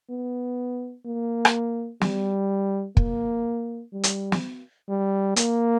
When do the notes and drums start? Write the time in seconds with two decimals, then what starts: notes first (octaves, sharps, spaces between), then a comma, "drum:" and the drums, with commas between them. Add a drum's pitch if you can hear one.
0.10 B3
1.06 A#3
1.45 drum: rim click
2.01 G3, drum: snare
2.97 A#3, drum: kick
3.93 G3
4.03 drum: hi-hat
4.32 drum: snare
4.89 G3
5.36 A#3, drum: hi-hat